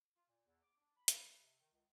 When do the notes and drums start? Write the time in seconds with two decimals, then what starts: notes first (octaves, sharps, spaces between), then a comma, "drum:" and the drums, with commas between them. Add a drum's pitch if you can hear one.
0.15 F4
0.29 A#2
0.46 E2
0.62 D6
0.77 D4
0.95 B5
1.08 drum: hi-hat
1.38 C3
1.58 D#3
1.72 C#2